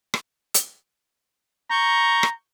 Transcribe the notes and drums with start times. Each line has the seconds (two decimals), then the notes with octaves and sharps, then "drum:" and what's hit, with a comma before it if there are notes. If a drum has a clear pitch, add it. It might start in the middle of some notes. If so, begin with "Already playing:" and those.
0.14 drum: rim click
0.54 drum: hi-hat
1.71 A#5 C#6 G6
2.23 drum: rim click